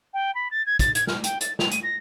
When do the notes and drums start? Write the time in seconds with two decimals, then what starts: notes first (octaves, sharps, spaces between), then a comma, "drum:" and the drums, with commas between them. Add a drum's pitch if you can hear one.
0.13 G5
0.34 B5
0.51 A6
0.66 G#6
0.79 A6, drum: kick, hi-hat
0.95 G#6, drum: hi-hat
1.07 F6, drum: snare
1.24 G5, drum: hi-hat
1.41 A6, drum: hi-hat
1.59 F7, drum: snare
1.71 D#7, drum: hi-hat
1.83 A#6